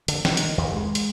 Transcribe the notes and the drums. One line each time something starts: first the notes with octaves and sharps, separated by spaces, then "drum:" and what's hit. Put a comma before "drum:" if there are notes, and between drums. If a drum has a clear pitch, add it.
D3, drum: hi-hat
D#3, drum: snare
drum: hi-hat
D#2
G#3
drum: hi-hat